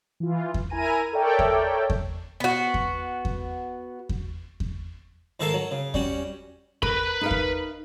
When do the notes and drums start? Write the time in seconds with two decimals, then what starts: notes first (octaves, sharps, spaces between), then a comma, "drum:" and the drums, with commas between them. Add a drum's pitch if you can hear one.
0.20 E3 F4
0.54 drum: kick E2
0.70 E4 A#4 G#5 A#5 D#7
1.12 A4 A#4 C#5 D5 E5 G5
1.39 drum: kick E2
1.90 drum: kick E2
2.40 B3 F#4
2.74 drum: kick E2
3.25 drum: kick E2
4.09 drum: kick E2
4.60 drum: kick E2
5.40 G#2 D#3 A4 A#4 F5 A5
5.53 F#3
5.71 C#3
5.94 G3 C#4 F#4, drum: kick E2
6.82 A#4 B4 B5, drum: kick E2
7.21 D#4 A#4 F5
7.31 drum: kick E2